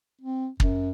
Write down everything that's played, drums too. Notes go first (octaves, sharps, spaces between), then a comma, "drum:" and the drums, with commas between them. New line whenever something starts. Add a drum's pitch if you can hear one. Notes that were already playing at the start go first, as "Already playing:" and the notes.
C4
F#2, drum: kick